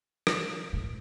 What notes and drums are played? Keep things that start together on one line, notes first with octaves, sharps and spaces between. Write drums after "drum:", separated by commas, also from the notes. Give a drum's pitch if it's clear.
drum: rim click
A2